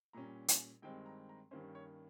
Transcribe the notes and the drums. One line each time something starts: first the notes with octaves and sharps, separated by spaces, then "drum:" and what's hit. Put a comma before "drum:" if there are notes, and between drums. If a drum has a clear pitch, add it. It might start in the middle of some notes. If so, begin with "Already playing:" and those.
A#2 G3 C#4 A#5
G#5, drum: hi-hat
G2 D#3 G#3 C4 G5
A#5
A#5
G2 D#3 A#3 C#4 C5
C#5